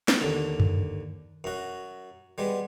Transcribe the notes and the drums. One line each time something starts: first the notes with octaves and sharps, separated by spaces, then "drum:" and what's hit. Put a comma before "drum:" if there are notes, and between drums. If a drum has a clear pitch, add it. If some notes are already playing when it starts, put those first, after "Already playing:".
drum: snare
D#2 D3
drum: tom F#2
F#2 F#4
G3 G#3 B3